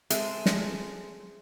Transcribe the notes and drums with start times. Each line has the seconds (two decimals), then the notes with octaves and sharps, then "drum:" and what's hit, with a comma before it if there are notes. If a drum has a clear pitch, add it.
0.10 G#3 C4 G#4 A4 E5, drum: hi-hat
0.46 drum: snare